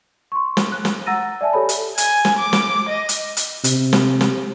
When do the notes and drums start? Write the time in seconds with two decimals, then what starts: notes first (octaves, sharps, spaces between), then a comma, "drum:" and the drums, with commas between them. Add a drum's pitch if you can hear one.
0.32 C6 C#6
0.57 drum: snare
0.72 F#6
0.85 drum: snare
1.06 F#5 A#5 E6 A6 A#6 D#7
1.41 D5 E5 G#5 A5
1.53 G4 A4 C#5 B5
1.69 drum: hi-hat
1.98 G#5, drum: hi-hat
2.25 drum: snare
2.39 D6
2.53 drum: snare
2.89 D#5
3.09 drum: hi-hat
3.37 drum: hi-hat
3.64 C3, drum: hi-hat
3.93 drum: snare
4.21 drum: snare